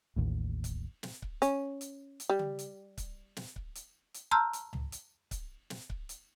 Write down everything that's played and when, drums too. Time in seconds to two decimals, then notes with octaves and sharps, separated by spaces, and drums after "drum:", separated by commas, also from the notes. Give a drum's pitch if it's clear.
0.16 A1 D#2 A2
0.64 drum: kick C#1, hi-hat
1.03 drum: snare
1.22 drum: kick C#1
1.42 C#4, drum: hi-hat
1.81 drum: hi-hat
2.20 drum: hi-hat
2.30 G3
2.39 drum: tom C#3
2.59 drum: hi-hat
2.98 drum: kick C#1, hi-hat
3.36 drum: snare
3.56 drum: kick C#1
3.75 drum: hi-hat
4.14 drum: hi-hat
4.31 A5 A#5 C6 E6 F6 G6
4.53 drum: hi-hat
4.73 drum: tom C#2
4.92 drum: hi-hat
5.31 drum: kick C#1, hi-hat
5.70 drum: snare
5.90 drum: kick C#1
6.09 drum: hi-hat